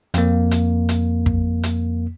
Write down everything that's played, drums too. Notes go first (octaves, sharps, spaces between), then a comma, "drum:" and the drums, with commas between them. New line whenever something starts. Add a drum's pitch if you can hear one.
F2 A#3, drum: hi-hat
drum: hi-hat
drum: hi-hat
drum: kick
drum: hi-hat